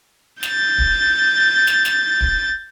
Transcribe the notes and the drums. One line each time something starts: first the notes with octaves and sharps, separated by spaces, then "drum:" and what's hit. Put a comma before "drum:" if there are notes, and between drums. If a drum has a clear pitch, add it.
G6 A6, drum: snare
drum: kick
drum: snare
drum: snare
drum: kick